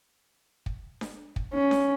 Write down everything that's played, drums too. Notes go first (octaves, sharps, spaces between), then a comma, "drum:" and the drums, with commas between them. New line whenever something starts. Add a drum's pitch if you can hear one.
drum: kick
drum: snare D4
drum: kick
C#4
drum: snare D4